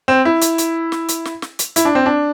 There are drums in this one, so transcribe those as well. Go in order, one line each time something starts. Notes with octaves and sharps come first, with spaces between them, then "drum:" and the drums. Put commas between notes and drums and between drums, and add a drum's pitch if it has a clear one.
C4
E4
drum: hi-hat
drum: hi-hat
drum: snare
drum: hi-hat
drum: snare
drum: snare
drum: hi-hat
E4, drum: hi-hat
D4
C4
D4